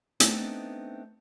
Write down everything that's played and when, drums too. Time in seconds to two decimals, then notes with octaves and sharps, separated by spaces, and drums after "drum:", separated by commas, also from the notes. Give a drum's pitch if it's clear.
0.20 A3 B3 C4 D4 D#4, drum: hi-hat